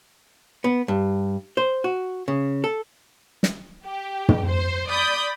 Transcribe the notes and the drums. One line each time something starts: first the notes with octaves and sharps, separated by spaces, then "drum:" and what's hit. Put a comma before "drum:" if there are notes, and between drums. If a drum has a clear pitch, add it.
B3
G2
C5
F#4
C#3
A4
drum: snare
G4
drum: tom
C5
D5 B5 D#6 G6